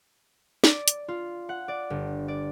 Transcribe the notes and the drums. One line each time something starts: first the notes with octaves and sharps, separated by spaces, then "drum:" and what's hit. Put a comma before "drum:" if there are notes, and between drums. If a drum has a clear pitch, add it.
D5, drum: snare
drum: hi-hat
F4
F#5
D5
G1
D5